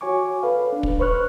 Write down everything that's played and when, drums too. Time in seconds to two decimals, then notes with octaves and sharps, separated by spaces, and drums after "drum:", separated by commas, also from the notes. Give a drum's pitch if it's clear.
0.01 F#4 C#5 G#5 C#6 D6
0.43 A4 B4 F5
0.73 D4
0.83 drum: kick
0.99 B4 C5 C#6 F6 F#6